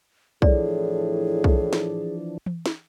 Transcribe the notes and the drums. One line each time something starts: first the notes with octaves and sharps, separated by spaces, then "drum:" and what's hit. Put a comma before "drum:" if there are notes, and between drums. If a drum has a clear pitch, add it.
A2 E3 F3 D4 G#4 D5, drum: kick B1
drum: kick B1
drum: snare
drum: tom E3
drum: snare